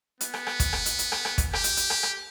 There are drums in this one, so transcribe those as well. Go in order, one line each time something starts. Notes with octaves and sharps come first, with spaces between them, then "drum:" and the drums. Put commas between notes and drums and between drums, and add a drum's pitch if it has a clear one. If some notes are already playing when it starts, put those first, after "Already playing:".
B3, drum: hi-hat
drum: rim click
drum: rim click
drum: kick, hi-hat
drum: rim click
drum: hi-hat
drum: hi-hat
drum: rim click
drum: rim click
drum: kick, hi-hat
G4, drum: rim click
drum: hi-hat
drum: hi-hat
drum: rim click
drum: rim click